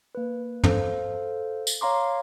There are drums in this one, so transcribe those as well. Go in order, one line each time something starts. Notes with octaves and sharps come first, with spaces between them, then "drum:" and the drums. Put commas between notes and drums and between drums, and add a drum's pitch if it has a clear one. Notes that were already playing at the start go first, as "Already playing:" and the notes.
A#3 B4
A4 C5 F5, drum: tom
drum: tambourine
C#5 F5 A#5 C6 D6